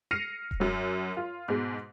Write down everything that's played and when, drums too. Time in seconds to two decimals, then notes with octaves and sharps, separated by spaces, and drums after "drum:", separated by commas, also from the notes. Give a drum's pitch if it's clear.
0.11 F6 A#6 C7 C#7 D#7 F7
0.51 drum: kick D#1
0.60 F#2 F#3
1.17 F4
1.48 G#2 B2 G#3